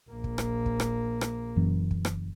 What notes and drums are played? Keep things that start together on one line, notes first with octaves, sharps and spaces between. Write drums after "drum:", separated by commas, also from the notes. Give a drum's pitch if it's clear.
A#1 A#3
drum: kick
drum: rim click
drum: kick
drum: rim click
drum: rim click
F#1 F#2 E3
drum: kick
drum: rim click